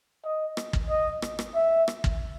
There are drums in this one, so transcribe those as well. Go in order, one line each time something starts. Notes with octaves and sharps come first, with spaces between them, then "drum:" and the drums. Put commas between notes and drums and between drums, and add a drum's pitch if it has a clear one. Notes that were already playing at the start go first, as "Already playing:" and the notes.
D#5
drum: rim click
drum: kick
D#5
drum: rim click
drum: rim click
E5
drum: rim click
drum: kick